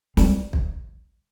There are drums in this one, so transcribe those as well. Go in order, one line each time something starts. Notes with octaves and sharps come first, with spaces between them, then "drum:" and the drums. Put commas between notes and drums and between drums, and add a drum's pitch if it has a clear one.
G3, drum: snare
drum: kick